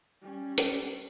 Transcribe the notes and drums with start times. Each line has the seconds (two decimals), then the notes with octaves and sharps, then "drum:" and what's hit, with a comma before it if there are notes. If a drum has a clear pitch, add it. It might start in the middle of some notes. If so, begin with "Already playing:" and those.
0.22 G3 C#4
0.58 drum: hi-hat